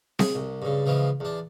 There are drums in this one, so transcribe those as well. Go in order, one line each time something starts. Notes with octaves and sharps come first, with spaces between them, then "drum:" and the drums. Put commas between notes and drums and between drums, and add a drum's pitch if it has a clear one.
G#4, drum: snare C4
C2
G2 C#3
C#3 E3 F3 G#3
E2 D4